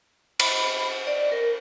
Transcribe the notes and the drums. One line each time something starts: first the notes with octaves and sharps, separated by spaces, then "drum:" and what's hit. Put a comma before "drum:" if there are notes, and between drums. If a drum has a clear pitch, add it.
B5, drum: cymbal
D5
A#4